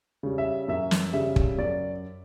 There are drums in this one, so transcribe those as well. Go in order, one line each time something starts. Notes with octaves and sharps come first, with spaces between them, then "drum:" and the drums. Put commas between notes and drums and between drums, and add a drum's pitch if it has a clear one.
C#3 G3
E5
F#2 E5
drum: snare
C#3 G3 E5
drum: kick
F#2 D5